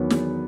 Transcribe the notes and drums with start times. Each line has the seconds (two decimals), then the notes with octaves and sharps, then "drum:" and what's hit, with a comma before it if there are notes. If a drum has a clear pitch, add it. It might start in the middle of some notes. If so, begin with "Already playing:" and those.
Already playing: E2 D#3 F#3 B3
0.10 E2, drum: snare